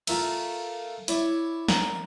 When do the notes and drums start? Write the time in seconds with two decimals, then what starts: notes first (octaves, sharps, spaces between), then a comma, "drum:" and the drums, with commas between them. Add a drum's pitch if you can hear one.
0.07 A3 F4 A#4 E5, drum: cymbal
1.08 E4 C#5 D5, drum: hi-hat
1.68 A#4, drum: snare